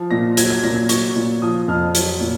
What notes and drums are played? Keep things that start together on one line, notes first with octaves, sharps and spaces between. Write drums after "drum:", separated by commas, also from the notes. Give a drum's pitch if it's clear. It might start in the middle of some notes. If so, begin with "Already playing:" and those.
Already playing: F3
A#2 A#6
F#3 G#6, drum: hi-hat
G#6
A#2 A#6
G#6
F#3 C#6, drum: hi-hat
A#2
F3 D#6
F2 F6
F#3, drum: hi-hat
A#2